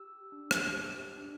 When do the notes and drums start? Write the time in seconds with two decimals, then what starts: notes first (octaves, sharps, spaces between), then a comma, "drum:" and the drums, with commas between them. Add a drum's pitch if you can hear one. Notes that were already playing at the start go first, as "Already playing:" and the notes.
Already playing: G4 E6
0.32 D4
0.51 drum: rim click
0.75 G4
1.17 D4